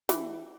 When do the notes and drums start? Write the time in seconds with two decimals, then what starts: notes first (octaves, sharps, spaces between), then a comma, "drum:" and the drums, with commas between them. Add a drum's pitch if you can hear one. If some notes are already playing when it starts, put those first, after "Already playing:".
0.09 E3, drum: snare